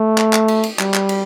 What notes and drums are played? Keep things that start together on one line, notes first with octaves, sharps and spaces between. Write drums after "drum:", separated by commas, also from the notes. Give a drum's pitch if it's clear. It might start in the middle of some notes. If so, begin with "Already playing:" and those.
Already playing: A3
drum: clap
drum: clap
drum: cymbal
drum: cymbal
G3, drum: clap
drum: clap
drum: cymbal